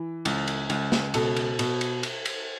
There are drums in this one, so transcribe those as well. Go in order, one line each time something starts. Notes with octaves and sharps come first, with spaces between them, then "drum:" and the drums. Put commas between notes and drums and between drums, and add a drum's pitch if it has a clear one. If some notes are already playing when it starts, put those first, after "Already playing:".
Already playing: E3
C#2, drum: cymbal
drum: cymbal
C#2, drum: cymbal
drum: snare
B2 A4, drum: cymbal
drum: cymbal
B2, drum: cymbal
drum: cymbal
drum: cymbal
drum: cymbal